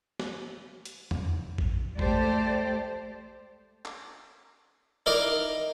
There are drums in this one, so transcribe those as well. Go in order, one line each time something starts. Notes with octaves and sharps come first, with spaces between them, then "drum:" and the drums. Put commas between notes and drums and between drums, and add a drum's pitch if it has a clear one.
drum: snare
drum: hi-hat
drum: tom E2
drum: kick A1
G#3 A3 G4 A4 C5 D5, drum: kick A1
drum: clap
D#4 E4 A#4 D5 F5 A#5